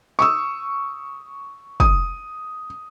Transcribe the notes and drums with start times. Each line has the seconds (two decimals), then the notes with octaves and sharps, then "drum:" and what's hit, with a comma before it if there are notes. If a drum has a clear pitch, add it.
0.19 C#6 D#6 E6
1.80 D#6, drum: kick